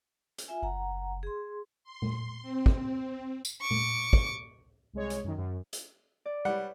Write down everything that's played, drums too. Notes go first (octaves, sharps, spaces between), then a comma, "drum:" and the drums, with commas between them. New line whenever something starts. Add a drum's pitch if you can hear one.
drum: hi-hat
F4 E5 G#5
F#1 F#5 A#5
G#4 C6
C6
drum: tom A#2
C4
drum: kick
drum: tambourine
C#6 D6
drum: tom A#2
drum: kick
C2 G#3 C#5
drum: hi-hat
F#2 D#3
F#2
drum: hi-hat
D5
G3 B4 C#5 F#5